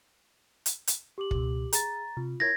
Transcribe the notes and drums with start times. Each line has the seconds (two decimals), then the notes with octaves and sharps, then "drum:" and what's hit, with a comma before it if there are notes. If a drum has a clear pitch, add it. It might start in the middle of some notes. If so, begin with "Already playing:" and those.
0.66 drum: hi-hat
0.87 drum: hi-hat
1.18 G4 D6 F#7
1.31 C#2 B2, drum: kick
1.73 G#4 A#5 A6, drum: hi-hat
2.17 C3 F4
2.40 E4 A#4 C#5 G#6 A#6